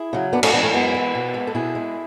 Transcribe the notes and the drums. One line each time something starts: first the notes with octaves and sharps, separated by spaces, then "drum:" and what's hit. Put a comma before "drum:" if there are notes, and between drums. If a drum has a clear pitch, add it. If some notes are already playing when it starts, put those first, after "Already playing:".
Already playing: E4 G#4
C#3 F#3
F#2 B3 D4
A3 C#4, drum: cymbal
E3 G#3 B3 D4
A3 C#4
F#2 G#3 B3
E3 G#3
B2
G#3
A4
B2 E4 G#4
G#3